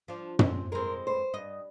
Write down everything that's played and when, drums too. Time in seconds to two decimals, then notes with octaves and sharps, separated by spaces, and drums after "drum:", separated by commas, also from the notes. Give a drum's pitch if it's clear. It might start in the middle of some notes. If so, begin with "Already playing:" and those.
0.08 F3 D4
0.39 C4 C#4, drum: tom
0.72 G#3 C4 A#4
1.07 C5
1.34 G2 D#5